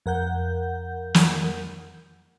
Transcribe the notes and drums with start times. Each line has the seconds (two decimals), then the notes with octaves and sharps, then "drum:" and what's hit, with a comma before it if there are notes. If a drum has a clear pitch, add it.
0.06 F2 A#4 F#5 G6
1.14 drum: snare